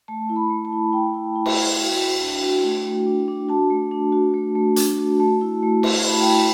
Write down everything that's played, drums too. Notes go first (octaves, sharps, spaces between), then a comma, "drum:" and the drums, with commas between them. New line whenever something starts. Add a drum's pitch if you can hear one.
A3 A5
E4
B5
A3
A5
E4
E4 G5
E4
E4
drum: cymbal
E4
F#4
F#4
D4
F#4
A3
A3
D4
D4
F#4 A5
A3
D4
F#4
A3
A3
D4, drum: hi-hat
F#4
A3 A5
E4
A3
A3, drum: cymbal
E4 B5
A5
G5
E4 A5